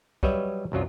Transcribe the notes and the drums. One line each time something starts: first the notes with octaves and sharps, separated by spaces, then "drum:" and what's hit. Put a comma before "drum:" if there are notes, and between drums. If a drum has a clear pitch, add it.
F#3 G3 B4 C#5 D#5 E5, drum: kick
C2 F#2 F#3 F4